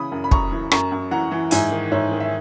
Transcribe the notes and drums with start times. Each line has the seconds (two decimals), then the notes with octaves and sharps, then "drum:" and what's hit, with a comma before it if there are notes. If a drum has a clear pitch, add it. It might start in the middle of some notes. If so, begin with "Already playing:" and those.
Already playing: C#3 E3 B5 D#6
0.12 F#2
0.24 B5
0.31 F#2 A#5 C#6, drum: kick
0.52 E3
0.71 F#2 A#5 C#6, drum: rim click
0.92 F#2
1.11 E3 F#5 A#5
1.31 E3
1.51 G#2 E5 G#5, drum: hi-hat
1.71 D#3
1.91 G#2 C#5 E5
2.11 D#3
2.20 E5